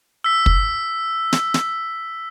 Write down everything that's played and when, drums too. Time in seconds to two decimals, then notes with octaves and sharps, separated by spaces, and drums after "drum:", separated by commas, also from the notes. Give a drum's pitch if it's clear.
0.24 E6 B6
0.46 drum: kick
1.33 drum: snare
1.54 drum: snare